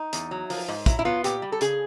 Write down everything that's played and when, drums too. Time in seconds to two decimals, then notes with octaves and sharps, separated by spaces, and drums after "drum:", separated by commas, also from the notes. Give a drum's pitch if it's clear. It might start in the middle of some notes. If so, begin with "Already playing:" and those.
Already playing: D#4
0.13 E2, drum: hi-hat
0.31 F#3
0.50 F3, drum: open hi-hat
0.68 G#2
0.86 F#3 E4, drum: kick, hi-hat
0.99 E4
1.05 B3 F4
1.24 A#2 G4, drum: hi-hat
1.42 G3
1.52 A4
1.61 C#3 G#4, drum: hi-hat